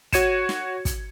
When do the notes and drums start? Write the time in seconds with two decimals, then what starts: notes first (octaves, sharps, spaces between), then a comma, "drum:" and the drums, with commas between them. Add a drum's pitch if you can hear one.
0.13 F#4 C#5 G#6 C#7 D#7 E7, drum: kick, hi-hat
0.49 drum: snare
0.85 drum: kick, hi-hat